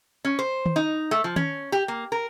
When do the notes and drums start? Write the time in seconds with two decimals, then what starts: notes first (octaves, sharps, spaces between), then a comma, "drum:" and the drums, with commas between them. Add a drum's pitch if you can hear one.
0.25 C#4
0.39 C5
0.66 drum: tom D#3
0.76 D#4
1.11 A3
1.24 F3
1.36 C#4, drum: tom D#3
1.72 G4
1.88 A#3
2.12 A#4